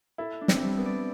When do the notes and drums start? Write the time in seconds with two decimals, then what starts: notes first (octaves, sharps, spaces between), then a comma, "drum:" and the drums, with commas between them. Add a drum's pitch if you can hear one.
0.18 E4 A4
0.41 D4
0.48 C4, drum: snare
0.63 G3
0.78 B3
0.85 D5